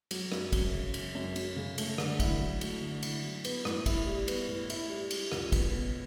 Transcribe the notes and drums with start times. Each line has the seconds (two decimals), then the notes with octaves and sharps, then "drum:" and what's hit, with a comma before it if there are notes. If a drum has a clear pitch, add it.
0.11 F#3, drum: cymbal
0.32 F#2, drum: rim click
0.52 F#2, drum: kick, cymbal
0.74 C#3
0.94 F#3, drum: cymbal
1.15 F#2
1.36 F#2, drum: cymbal
1.56 C#3
1.78 A3, drum: cymbal
1.98 D3, drum: rim click
2.20 E4, drum: kick, cymbal
2.40 F#3
2.61 A3, drum: cymbal
2.81 D3
3.03 E4, drum: cymbal
3.23 F#3
3.44 B3, drum: cymbal
3.65 A2, drum: rim click
3.86 E4, drum: kick, cymbal
4.06 G3
4.28 B3, drum: cymbal
4.48 A2
4.70 E4, drum: cymbal
4.89 G3
5.11 G3, drum: cymbal
5.32 C#2, drum: rim click
5.52 B3, drum: kick, cymbal
5.73 B2